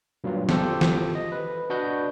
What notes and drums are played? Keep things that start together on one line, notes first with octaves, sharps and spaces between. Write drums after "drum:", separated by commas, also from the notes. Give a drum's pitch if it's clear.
G2 A#2 F#3 A#3 F4
F4 G4 A4 C5, drum: snare
drum: snare
D#5
B4
D4 F#4 B4 D#5 G6